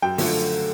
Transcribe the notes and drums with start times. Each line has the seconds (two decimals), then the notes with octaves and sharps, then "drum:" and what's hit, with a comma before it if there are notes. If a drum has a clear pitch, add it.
0.02 F#2 G5
0.18 D3 F3 A3, drum: open hi-hat